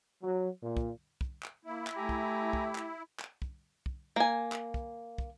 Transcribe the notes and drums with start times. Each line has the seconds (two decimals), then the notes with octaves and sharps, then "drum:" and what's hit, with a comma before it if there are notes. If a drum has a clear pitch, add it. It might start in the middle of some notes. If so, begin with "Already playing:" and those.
0.23 F#3
0.63 A#2
0.77 drum: kick
1.21 drum: kick
1.43 drum: clap
1.65 A#3 E4
1.87 drum: clap
1.96 A3 G4 G#5 A#5
2.09 drum: kick
2.53 drum: kick
2.75 drum: clap
3.20 drum: clap
3.42 drum: kick
3.86 drum: kick
4.16 A#3 G#5
4.52 drum: clap
4.74 drum: kick
5.18 drum: kick